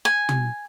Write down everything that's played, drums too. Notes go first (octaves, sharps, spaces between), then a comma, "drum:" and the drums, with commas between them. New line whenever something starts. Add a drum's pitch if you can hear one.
G#5
drum: tom